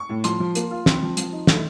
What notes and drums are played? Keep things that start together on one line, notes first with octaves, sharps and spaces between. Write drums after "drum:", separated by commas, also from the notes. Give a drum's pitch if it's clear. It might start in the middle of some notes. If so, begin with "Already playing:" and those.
Already playing: C#6
A2
F3 C6, drum: hi-hat
F3
A#3, drum: hi-hat
F4
C4, drum: snare
F3
F3, drum: hi-hat
D#4
A3, drum: snare